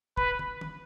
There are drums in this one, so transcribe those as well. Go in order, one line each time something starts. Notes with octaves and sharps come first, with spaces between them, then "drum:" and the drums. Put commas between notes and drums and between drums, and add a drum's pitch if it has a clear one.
B4, drum: kick
drum: tom
drum: tom D#3